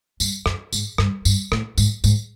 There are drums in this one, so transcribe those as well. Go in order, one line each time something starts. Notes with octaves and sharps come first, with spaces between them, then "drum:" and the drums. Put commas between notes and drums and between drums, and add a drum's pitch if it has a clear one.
G2, drum: tambourine
F#2, drum: rim click
G#2, drum: tambourine
G2, drum: rim click
G2, drum: tambourine
A2, drum: rim click
G#2, drum: tambourine
G#2, drum: tambourine